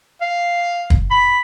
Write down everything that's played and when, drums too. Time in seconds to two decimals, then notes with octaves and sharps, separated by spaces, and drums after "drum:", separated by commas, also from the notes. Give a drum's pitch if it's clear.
0.21 F5
0.90 drum: kick
1.11 B5